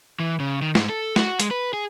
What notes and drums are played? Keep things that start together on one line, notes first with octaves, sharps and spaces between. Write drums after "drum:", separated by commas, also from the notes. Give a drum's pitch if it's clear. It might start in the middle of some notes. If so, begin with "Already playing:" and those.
E3
C#3
D#3
G#2, drum: snare
A4
F#4, drum: snare
G#3, drum: hi-hat
B4
G#4